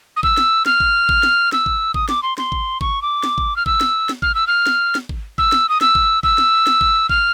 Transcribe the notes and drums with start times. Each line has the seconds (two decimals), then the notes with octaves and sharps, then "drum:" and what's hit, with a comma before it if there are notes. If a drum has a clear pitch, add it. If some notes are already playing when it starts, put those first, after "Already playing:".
0.16 D#6
0.23 E6, drum: kick
0.37 drum: snare
0.66 F6, drum: snare
0.80 drum: kick
1.09 drum: kick
1.23 drum: snare
1.52 E6, drum: snare
1.66 drum: kick
1.94 D#6, drum: kick
2.09 D6, drum: snare
2.23 C6
2.38 C6, drum: snare
2.52 drum: kick
2.81 C#6, drum: kick
3.02 D6
3.23 drum: snare
3.38 drum: kick
3.56 F6
3.66 E6, drum: kick
3.81 drum: snare
4.09 drum: snare
4.22 F6, drum: kick
4.35 E6
4.47 F6
4.66 drum: snare
4.95 drum: snare
5.09 drum: kick
5.38 E6, drum: kick
5.52 drum: snare
5.69 D#6
5.81 E6, drum: snare
5.95 drum: kick
6.23 E6, drum: kick
6.38 drum: snare
6.67 drum: snare
6.81 drum: kick
7.09 F6, drum: kick